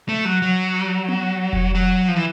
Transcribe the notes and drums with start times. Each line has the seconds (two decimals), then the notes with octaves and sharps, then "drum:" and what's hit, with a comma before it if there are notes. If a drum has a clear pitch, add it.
0.09 A3
0.25 F#3
0.42 F#3
1.08 drum: tom B3
1.53 drum: kick F1
1.75 F#3
2.08 F3
2.16 E3